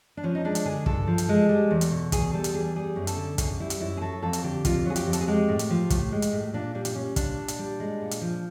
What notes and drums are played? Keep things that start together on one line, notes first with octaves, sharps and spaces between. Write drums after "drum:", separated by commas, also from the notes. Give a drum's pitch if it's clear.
D4
F3 C#4
D#4
G#3 D4
drum: hi-hat
D3 G#4
G2 A4, drum: kick
F3
drum: hi-hat
G#3
G3
E2
drum: hi-hat
B2
E2 G#4, drum: kick, hi-hat
G3 A4
drum: hi-hat
E2 G#4
G3 G#4
F#2
A4, drum: hi-hat
D3
F#2 G#4, drum: kick, hi-hat
G3 E4
drum: hi-hat
F#2 E4
G#4
F#3 A4
F2 A4
drum: hi-hat
D3 G4
F2 F4, drum: kick, hi-hat
F#3 G#4
G4, drum: hi-hat
F2
A4, drum: hi-hat
G#4
G#3 G4
A2
drum: hi-hat
F3
A2, drum: kick, hi-hat
G#3
drum: hi-hat
A2
A#2 D4
G3 D4
D4, drum: hi-hat
G3 C#4
A#2 D4, drum: kick, hi-hat
A#2
drum: hi-hat
G3
G#3
A#2
drum: hi-hat
F3